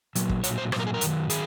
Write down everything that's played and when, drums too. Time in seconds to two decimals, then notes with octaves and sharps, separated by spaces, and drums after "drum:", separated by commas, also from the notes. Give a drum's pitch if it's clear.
0.15 A#2 F#3, drum: hi-hat
0.29 drum: kick
0.44 A#2 F#3 C#5, drum: hi-hat
0.58 C5
0.72 A#2 F#3 C5, drum: rim click
0.79 A#4
0.87 G#4
0.94 A#4
1.01 F#2 D#3 F#3, drum: hi-hat
1.30 D#3 F#3 G#4, drum: hi-hat